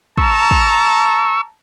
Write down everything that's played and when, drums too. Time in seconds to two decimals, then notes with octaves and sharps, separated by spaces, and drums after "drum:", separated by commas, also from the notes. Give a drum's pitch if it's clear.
0.18 A5 A#5 C#6 E6, drum: kick
0.51 drum: kick